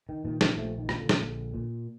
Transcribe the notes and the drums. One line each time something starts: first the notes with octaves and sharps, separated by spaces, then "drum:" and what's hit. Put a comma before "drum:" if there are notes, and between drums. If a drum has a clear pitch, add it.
D#3
A#2 D#3
D#3 G3, drum: snare
A#1 F3 A3
D#3
A#2, drum: rim click
D3
drum: snare
A#1
A#2